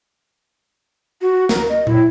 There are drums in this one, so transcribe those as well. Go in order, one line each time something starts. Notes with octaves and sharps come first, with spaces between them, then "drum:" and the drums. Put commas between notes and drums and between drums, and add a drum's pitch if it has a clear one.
F#4
A#4, drum: snare
D#5
E4, drum: tom A#2